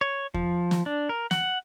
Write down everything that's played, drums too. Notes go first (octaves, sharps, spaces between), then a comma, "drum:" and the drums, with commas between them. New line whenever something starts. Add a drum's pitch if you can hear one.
C#5
F3, drum: kick E2
drum: snare
D4
A#4
F#5, drum: snare